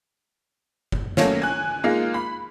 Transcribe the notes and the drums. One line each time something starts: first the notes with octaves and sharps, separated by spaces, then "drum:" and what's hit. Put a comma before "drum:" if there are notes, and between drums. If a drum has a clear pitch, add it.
drum: kick
F#3 A3 A#3 C#4, drum: snare
G#5 F#6
G#3 A#3 D#4 F4
B5